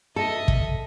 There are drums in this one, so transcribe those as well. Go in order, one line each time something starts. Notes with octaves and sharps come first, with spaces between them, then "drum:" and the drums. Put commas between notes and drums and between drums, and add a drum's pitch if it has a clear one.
A4 D#5 E5
drum: kick